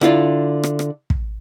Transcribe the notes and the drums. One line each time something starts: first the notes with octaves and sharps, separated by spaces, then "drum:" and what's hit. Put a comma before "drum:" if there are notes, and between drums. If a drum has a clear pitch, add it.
D3 E4 F4 D5, drum: rim click
drum: rim click
drum: rim click
drum: kick